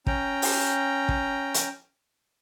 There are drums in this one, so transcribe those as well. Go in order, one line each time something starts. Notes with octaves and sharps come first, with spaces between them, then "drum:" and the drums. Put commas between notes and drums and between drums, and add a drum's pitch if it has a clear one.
C#4 G5 A#5, drum: kick
drum: open hi-hat
drum: kick
drum: hi-hat